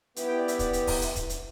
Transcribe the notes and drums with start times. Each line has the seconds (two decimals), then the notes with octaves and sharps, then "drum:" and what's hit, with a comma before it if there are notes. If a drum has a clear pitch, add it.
0.16 B3 E4 G4, drum: hi-hat
0.28 G5
0.38 D5
0.48 E5, drum: hi-hat
0.59 D5, drum: kick, hi-hat
0.73 drum: hi-hat
0.87 drum: kick, open hi-hat
1.01 drum: hi-hat
1.15 drum: kick, hi-hat
1.30 drum: hi-hat